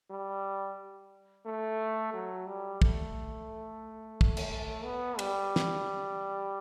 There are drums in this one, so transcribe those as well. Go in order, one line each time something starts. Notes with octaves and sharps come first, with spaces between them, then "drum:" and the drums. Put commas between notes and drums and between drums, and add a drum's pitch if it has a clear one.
G3
A3
F#3
G3
A3, drum: kick
drum: kick
drum: cymbal
B3
G3, drum: cymbal
drum: snare